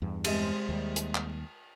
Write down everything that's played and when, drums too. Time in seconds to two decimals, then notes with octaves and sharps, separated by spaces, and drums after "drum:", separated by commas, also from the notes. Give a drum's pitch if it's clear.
0.02 E2 G2
0.24 C3 G#3, drum: cymbal
0.69 D#2 G3
0.96 drum: hi-hat
1.15 drum: clap